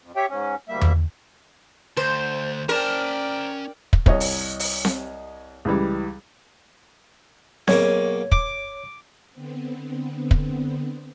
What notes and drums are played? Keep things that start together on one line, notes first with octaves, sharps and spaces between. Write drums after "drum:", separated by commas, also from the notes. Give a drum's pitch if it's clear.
F2
G4 C#5 E5 G5
G#2 C#4
D2 G3 A#3 E5
drum: tom E2
D2 C5
C#4 A#4 D5 G5 A5
drum: kick
C2 C#5 D#5, drum: kick
drum: open hi-hat
drum: open hi-hat
drum: snare C4
C#2 E3 G3
B1 C#3 A#3 C#5 G#6, drum: snare C4
D6, drum: kick
D3 B3 C4
drum: kick